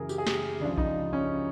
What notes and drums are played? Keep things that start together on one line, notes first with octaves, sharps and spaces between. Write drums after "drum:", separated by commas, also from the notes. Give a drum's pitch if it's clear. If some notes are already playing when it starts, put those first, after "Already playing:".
Already playing: F#2 C#3 E3 G#4 A#4
G4, drum: tambourine
G#4
G4, drum: snare
C#2 C#3 F3 D4
D#4, drum: kick A#1
C#4